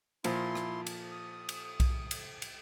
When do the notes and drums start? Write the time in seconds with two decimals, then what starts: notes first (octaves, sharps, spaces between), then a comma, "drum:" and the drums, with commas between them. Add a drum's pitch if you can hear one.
0.24 A#2 F3 E4 C6, drum: cymbal
0.55 drum: rim click
0.86 drum: cymbal
1.12 D#6
1.49 drum: cymbal
1.80 drum: kick B1, cymbal
2.11 drum: cymbal
2.42 drum: cymbal